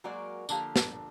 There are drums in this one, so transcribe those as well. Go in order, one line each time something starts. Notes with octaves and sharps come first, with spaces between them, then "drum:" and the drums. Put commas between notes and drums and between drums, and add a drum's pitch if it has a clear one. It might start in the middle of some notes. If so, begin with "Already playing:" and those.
F#3 G#3 A#3 F#4 A#4 D5
D3 F3 A#3 G4 F5, drum: tambourine
drum: snare